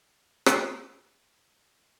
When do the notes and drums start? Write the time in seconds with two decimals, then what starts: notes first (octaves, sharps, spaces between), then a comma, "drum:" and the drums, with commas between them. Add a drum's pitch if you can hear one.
0.07 G#4
0.46 drum: rim click
0.60 A3 F4 A#4
0.91 F#3 D4 D#4
1.21 A1 F#2 A2 A#4
1.55 A#4